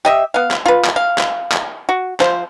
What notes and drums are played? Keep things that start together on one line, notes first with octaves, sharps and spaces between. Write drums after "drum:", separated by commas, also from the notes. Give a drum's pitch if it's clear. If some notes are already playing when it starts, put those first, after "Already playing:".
G4 D#5 E5
B3 F5
drum: clap
F4 B4
drum: clap
F5
drum: clap
drum: clap
F#4
F3 C5, drum: clap